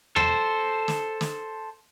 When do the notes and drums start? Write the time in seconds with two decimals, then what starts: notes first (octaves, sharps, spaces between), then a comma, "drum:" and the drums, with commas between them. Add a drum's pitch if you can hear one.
0.16 A4 C5, drum: tom E2
0.88 drum: snare
1.21 drum: snare